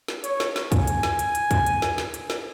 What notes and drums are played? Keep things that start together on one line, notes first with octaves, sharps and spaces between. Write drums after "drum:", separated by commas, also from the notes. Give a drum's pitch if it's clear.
drum: snare
C#5, drum: hi-hat
drum: snare
drum: snare
G#5, drum: kick, hi-hat
drum: hi-hat
drum: snare
drum: hi-hat
drum: hi-hat
drum: kick, hi-hat
drum: hi-hat
drum: snare
drum: snare
drum: hi-hat
drum: snare